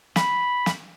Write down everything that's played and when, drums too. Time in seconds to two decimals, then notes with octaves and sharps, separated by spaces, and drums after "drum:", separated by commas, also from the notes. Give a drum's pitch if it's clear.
0.16 B5, drum: snare
0.66 drum: snare